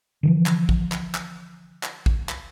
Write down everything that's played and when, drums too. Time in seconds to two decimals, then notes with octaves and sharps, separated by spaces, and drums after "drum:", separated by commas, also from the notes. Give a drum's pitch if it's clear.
0.23 D3 E3 F3
0.46 drum: clap
0.69 drum: kick
0.92 drum: clap
1.15 drum: clap
1.83 drum: clap
2.06 drum: kick
2.29 drum: clap